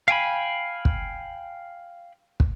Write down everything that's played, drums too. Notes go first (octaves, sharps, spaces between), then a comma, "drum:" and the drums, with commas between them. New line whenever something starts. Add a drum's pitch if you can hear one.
F5 G5 G#5 B5
drum: kick
drum: kick